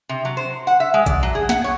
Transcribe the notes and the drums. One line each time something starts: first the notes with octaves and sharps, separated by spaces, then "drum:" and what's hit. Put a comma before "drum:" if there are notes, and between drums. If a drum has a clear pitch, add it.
C3
F#3
C5
F#5
E5
G#3
D5, drum: kick A#1, hi-hat
F#3
G#4
F#5, drum: snare
C#5